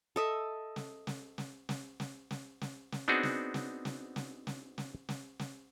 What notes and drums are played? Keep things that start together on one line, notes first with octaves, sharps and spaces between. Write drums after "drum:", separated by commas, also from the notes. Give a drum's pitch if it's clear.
A4 D#5 E5
drum: snare
drum: snare
drum: snare
drum: snare
drum: snare
drum: snare
drum: snare
drum: snare
B3 C4 D4 D#4 F#4 G#4
drum: snare
drum: snare
drum: snare
drum: snare
drum: snare
drum: snare
drum: snare
drum: snare